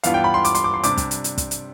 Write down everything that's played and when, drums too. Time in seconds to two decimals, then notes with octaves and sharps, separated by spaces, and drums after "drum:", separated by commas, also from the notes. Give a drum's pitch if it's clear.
0.04 G2 E3 B3 F4 F5, drum: hi-hat
0.14 G5
0.24 B5
0.34 C6
0.45 D6, drum: hi-hat
0.55 C6, drum: hi-hat
0.64 D6
0.74 C6
0.83 C3 G3 D4 D6, drum: hi-hat
0.97 drum: kick, hi-hat
1.11 drum: hi-hat
1.24 drum: hi-hat
1.38 drum: kick, hi-hat
1.51 drum: hi-hat